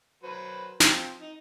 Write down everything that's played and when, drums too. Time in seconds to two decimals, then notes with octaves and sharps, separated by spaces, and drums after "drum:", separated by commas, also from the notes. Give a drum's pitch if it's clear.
0.23 F#3 B4 C5
0.80 F3 C4, drum: snare
1.21 D#4